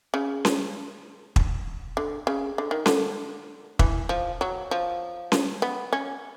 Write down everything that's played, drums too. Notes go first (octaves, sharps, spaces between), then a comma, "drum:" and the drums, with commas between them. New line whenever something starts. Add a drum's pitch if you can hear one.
C#3
drum: snare C#4
drum: kick
D3
C#3
D3
D#3
D3, drum: snare C#4
E3, drum: kick
F3
F#3
F3
drum: snare C#4
B3
C#4